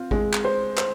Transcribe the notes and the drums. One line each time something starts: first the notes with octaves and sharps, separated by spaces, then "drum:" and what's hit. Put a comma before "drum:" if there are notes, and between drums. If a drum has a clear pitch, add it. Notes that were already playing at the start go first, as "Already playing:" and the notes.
Already playing: C4 F4
G#3, drum: kick G#1
drum: clap
C5
C5, drum: clap